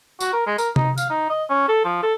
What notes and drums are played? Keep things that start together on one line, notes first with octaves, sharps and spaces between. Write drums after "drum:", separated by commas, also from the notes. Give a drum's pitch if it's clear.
F#4, drum: tambourine
A#4
G#3
A#4, drum: tambourine
D#4, drum: tom C3
F5, drum: tambourine
D#4
D#5
C#4
A4
F3
A4